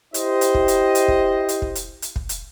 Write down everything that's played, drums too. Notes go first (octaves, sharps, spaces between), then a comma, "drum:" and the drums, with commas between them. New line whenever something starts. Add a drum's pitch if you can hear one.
E4 G4 C5 D#5, drum: hi-hat
drum: hi-hat
drum: kick
drum: hi-hat
drum: hi-hat
drum: kick
drum: hi-hat
drum: kick
drum: hi-hat
drum: hi-hat
drum: kick
drum: hi-hat